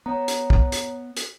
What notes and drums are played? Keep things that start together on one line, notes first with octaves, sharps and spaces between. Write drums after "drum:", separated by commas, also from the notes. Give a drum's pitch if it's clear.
B3 C#5 A#5
drum: hi-hat
drum: kick
drum: hi-hat
drum: hi-hat